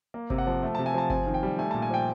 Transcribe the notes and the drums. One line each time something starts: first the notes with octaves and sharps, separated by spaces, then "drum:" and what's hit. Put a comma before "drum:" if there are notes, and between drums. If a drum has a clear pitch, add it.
A#3
C3, drum: kick G1
F#5
F3
A3
A5
C3
G#5
F3 A5
C4 G#5, drum: kick G1
D#3
G5
G3
A3 G#5
A#2 A5
G#5
F3 G5